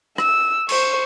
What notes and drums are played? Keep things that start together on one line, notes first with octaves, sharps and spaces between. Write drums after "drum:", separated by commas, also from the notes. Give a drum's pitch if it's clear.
E6, drum: rim click
C5 C#6, drum: cymbal